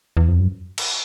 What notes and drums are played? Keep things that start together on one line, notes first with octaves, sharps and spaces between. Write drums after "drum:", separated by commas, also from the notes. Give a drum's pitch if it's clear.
E2
F2
F#2
drum: cymbal